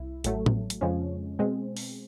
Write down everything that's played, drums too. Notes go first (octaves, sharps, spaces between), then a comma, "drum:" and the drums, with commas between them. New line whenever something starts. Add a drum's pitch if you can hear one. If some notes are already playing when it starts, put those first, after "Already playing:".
Already playing: C2 E4
A1 A2 F#3 A3, drum: hi-hat
drum: tom A2
drum: hi-hat
F2 C#3 F3 G#3 C#4
B2 G#3 C4
drum: open hi-hat